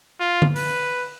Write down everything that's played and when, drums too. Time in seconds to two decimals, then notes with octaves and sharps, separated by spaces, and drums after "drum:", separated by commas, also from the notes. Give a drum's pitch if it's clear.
0.20 F4
0.42 drum: tom D3
0.56 B4, drum: open hi-hat